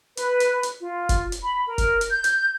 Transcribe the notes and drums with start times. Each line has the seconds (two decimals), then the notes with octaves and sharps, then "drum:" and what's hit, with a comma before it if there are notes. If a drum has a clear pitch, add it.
0.17 B4, drum: hi-hat
0.40 drum: hi-hat
0.63 drum: hi-hat
0.80 F4
1.09 drum: kick F#1, hi-hat
1.32 drum: hi-hat
1.43 B5
1.67 A#4
1.78 drum: kick F#1, hi-hat
2.01 drum: hi-hat
2.12 G6
2.24 drum: hi-hat